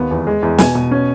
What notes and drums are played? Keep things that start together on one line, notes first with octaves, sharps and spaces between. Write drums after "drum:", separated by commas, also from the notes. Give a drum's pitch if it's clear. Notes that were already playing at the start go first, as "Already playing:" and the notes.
Already playing: D#2 B3
E2
G#3
E2
B2 G#5, drum: snare
B2
C#4